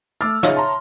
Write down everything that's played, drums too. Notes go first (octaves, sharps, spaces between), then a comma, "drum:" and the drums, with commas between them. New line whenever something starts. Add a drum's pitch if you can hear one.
A3 D6 E6 F6 A6
C#3 D#4 F4 C#5 E5, drum: snare
A5 A#5 C6